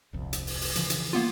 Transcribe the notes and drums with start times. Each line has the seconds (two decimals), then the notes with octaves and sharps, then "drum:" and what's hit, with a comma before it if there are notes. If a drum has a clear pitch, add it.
0.13 D#1 C2 F2
0.33 drum: hi-hat
0.47 drum: open hi-hat
0.61 drum: open hi-hat
0.76 C#3 E3 F3, drum: hi-hat
0.90 drum: hi-hat
1.13 A#3 B3 F4